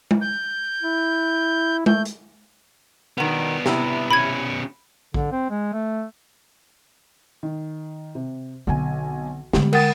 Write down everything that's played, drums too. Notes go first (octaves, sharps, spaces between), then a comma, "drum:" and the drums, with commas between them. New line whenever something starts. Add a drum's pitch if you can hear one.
drum: tom G#3
G6
E4
A3 G6, drum: tom G#3
drum: hi-hat
B2 D#3 B3 D4
C3 E4, drum: snare
B2 C#4 B5 G#6
D3, drum: kick A#1
C4
G#3
A3
D#3
C3
B1 D3 C4 G#5
D3 G3 G#3, drum: snare
A#4 F#5 G5 D#6 A6, drum: cymbal